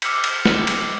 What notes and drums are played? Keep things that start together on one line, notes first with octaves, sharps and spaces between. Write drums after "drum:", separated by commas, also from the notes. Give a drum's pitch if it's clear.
D6 E6 F6 G6 B6 C#7, drum: cymbal
drum: cymbal
drum: snare
drum: cymbal